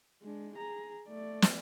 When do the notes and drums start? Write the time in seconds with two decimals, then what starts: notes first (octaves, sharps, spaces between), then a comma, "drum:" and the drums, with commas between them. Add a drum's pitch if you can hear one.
0.22 G#3 D4
0.56 G#4 A#5
1.08 A3 D5
1.42 drum: snare